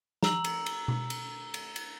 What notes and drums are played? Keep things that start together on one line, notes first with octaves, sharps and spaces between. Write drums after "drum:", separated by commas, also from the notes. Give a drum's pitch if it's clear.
A#5 E6 F#7, drum: snare
drum: cymbal
drum: cymbal
drum: tom B2
drum: cymbal
drum: cymbal
drum: cymbal